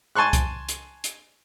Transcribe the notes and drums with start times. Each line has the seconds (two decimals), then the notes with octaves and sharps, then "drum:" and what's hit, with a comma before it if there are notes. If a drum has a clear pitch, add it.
0.15 G#5 A5 C6 C#6 F#6
0.33 drum: kick C2, hi-hat
0.69 drum: hi-hat
1.04 drum: hi-hat